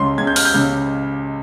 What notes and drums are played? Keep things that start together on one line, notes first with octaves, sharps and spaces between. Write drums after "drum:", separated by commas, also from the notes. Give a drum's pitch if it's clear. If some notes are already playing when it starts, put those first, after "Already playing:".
Already playing: C#2 C#3 C6
C#2 C#3 G#6
G6
F6, drum: open hi-hat
G6
C#2 C#3